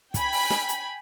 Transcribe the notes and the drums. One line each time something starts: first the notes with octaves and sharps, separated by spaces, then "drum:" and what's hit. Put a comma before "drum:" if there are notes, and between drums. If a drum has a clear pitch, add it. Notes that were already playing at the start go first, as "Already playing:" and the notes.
G5 G#5 B5, drum: kick, hi-hat
drum: open hi-hat
drum: snare
drum: hi-hat